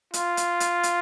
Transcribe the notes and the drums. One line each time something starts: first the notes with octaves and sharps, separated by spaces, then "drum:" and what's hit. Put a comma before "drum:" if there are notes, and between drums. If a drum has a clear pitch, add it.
F4, drum: hi-hat
drum: hi-hat
drum: hi-hat
drum: hi-hat